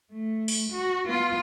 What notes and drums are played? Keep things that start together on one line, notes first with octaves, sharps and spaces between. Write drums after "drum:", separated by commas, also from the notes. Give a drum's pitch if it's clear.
A3
drum: open hi-hat
F#4
B3 F4